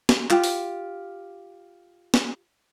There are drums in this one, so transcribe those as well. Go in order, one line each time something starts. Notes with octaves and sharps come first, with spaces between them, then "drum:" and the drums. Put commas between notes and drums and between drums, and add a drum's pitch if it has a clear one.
drum: snare
F4 G4, drum: clap
drum: open hi-hat
drum: snare